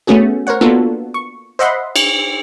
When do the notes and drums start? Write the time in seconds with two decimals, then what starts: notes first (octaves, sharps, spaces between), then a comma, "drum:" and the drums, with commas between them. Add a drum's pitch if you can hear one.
0.07 A3 B3 C#4 F#4 G#4
0.47 A#4 C5 C#5 F#5
0.61 A#3 B3 D4 F4 F#4 A4
1.14 C#6
1.59 C5 D#5 E5 F#5 B5 C6
1.96 drum: cymbal